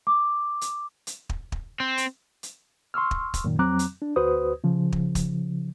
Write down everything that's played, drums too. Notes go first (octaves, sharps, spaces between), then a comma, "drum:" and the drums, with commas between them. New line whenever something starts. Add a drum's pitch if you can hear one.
D6
drum: hi-hat
drum: hi-hat
drum: kick
drum: kick
C4
drum: hi-hat
drum: hi-hat
C6 C#6 E6 F6
drum: kick
drum: kick, hi-hat
F#2 A#2 D#3
F2 F#3 C4 A#5 D6 F#6
drum: hi-hat
D4
D2 F#4 B4 C5 D#6
C#3 F3
drum: kick
drum: kick, hi-hat